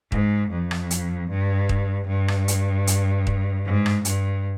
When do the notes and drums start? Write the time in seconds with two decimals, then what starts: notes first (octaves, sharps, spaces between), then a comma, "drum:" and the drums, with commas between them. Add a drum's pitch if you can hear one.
0.12 G#2, drum: kick D#1
0.51 F2
0.71 drum: rim click
0.91 drum: hi-hat
1.30 G2
1.69 drum: kick D#1
2.08 G2
2.28 drum: rim click
2.48 drum: hi-hat
2.87 drum: hi-hat
3.27 drum: kick D#1
3.66 G#2
3.86 drum: rim click
4.05 G2, drum: hi-hat